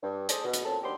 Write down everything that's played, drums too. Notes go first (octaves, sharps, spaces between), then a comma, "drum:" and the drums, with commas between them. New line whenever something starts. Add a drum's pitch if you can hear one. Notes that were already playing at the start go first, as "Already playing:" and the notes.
G2
G#4 A4 C5 D5 A5, drum: hi-hat
B2
drum: hi-hat
A#2 C4 C#4 A4 A5
D#2 F#3 B3 D4 G4 C6